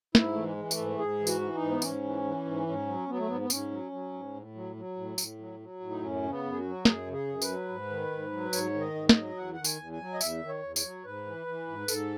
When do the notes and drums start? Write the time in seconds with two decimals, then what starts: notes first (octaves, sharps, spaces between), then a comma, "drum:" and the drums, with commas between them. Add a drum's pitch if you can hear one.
0.15 G#2 E4, drum: snare
0.32 E3 A3
0.43 G#3
0.57 E3
0.71 A3, drum: tambourine
0.77 G#2
0.98 G#2 G#4
1.20 E3
1.27 F#4, drum: tambourine
1.41 E3
1.54 D#4
1.61 G#2
1.71 B3
1.82 G#2 C#4, drum: tambourine
2.04 E3
2.24 E3
2.45 G#2
2.66 G#2 C#4
2.87 F#3
3.08 F#3 B3
3.18 A3
3.27 G#2 B3
3.40 B3
3.50 G#2 C#4, drum: tambourine
3.71 F#3
3.92 F#3
4.13 G#2
4.34 A2
4.55 F#3
4.76 F#3
4.96 A2
5.18 A2, drum: tambourine
5.38 F#3
5.60 F#3
5.80 A2
5.89 D#4
6.01 F#2 C#4
6.23 C#3
6.30 B3
6.44 F#2
6.52 G#4
6.57 F#4
6.64 F#3
6.85 F#2 G#4, drum: snare
7.07 C#3
7.13 G#4
7.27 F#2
7.42 B4, drum: tambourine
7.48 F#3
7.69 G#2
7.90 D#3
8.11 G#2
8.32 F#3
8.53 G#2 C#5, drum: tambourine
8.74 D#3
8.81 D#5
8.95 G#2
9.09 D#5, drum: snare
9.16 F#3
9.37 E2 F#5
9.53 D#3 F#5
9.64 G#5, drum: tambourine
9.79 E2
9.92 G#5
10.00 F#3
10.14 D#5
10.21 E2 E5, drum: tambourine
10.41 D#3
10.48 C#5
10.63 E2
10.76 C#5, drum: tambourine
10.83 F#3
11.04 G#2 B4
11.26 E3
11.46 E3
11.67 G#2
11.88 G#2 A4, drum: tambourine